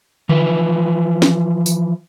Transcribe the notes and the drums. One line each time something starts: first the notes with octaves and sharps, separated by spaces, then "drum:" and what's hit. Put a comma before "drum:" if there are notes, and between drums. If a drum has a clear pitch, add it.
E3 F3 B4, drum: tom D3
drum: snare
drum: tambourine